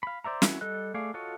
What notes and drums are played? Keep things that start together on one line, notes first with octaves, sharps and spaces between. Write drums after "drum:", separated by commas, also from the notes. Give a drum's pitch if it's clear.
F5 B5
C5 D5 E5 A#5
C#4 E4 F#4, drum: snare
G3 A4 D#5 F#6
A3 G#4 D5 F5
F4 F#4 A4 C#5 D#5